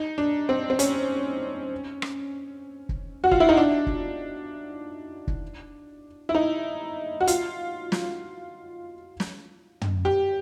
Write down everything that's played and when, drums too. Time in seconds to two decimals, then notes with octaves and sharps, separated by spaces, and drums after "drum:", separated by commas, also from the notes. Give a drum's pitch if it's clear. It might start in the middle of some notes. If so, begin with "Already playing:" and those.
Already playing: D#4
0.18 D4
0.49 C4
0.70 C4
0.79 C#4, drum: hi-hat
2.02 drum: rim click
2.89 drum: kick
3.24 F#4
3.31 F4, drum: kick
3.40 E4
3.49 D#4
3.57 D4
3.87 drum: kick
5.27 drum: kick
6.29 E4
6.35 D#4
7.21 F#4
7.27 F4, drum: hi-hat
7.92 drum: snare
9.20 drum: snare
9.81 drum: tom
10.05 G4